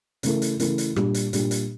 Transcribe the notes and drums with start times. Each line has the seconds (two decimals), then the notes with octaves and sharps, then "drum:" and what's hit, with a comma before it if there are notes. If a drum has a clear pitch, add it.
0.23 C#3 E3 A3 E4 A#4, drum: hi-hat
0.42 drum: hi-hat
0.60 C#3 E3 A3 E4 A#4, drum: hi-hat
0.78 drum: hi-hat
0.96 A#2 G3 D4 G4, drum: rim click
1.14 drum: hi-hat
1.33 A#2 G3 D4 G4, drum: hi-hat
1.51 drum: hi-hat